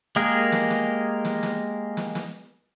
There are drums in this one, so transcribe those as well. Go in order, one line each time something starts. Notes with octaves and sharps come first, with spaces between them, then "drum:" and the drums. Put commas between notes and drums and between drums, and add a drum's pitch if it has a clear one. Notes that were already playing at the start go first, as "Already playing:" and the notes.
G#3 A#3 G4 G#4 A#4
drum: snare
drum: snare
drum: snare
drum: snare
drum: snare
drum: snare